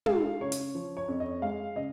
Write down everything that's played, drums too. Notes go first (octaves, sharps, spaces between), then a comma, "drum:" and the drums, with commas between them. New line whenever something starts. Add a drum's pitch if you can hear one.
G#3 F5, drum: tom
C#3 C#5
drum: hi-hat
F3
C#5
F2
D#5
G#3 F5
C#3 D#5